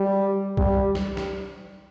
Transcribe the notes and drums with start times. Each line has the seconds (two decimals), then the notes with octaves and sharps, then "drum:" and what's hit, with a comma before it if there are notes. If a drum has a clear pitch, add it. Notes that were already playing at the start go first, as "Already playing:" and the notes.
Already playing: G3
0.57 G3, drum: kick B1
0.95 drum: snare
1.17 drum: snare